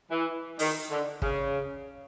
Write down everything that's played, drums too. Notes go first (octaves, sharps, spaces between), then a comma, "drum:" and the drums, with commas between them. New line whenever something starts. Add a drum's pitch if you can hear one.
E3
D#3, drum: open hi-hat
D3
C#3, drum: kick